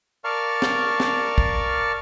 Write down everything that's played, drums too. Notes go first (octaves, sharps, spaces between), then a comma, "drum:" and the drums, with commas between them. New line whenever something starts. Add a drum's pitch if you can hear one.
A#4 D5 F5 A5 C#6 F6
drum: snare
drum: snare
drum: kick